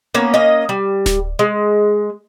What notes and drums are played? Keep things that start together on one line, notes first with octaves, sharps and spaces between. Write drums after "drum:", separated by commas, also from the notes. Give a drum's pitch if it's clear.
A#3 B3 C#4
A#3 C#4 D#5
G3
drum: snare D1
G#3